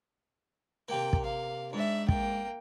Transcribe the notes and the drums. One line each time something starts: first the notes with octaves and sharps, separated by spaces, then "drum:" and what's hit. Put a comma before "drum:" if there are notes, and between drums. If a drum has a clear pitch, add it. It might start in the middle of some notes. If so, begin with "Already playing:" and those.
C3 A#3 G5
drum: kick
F5
G#2 D4 E5
A#3 G5, drum: kick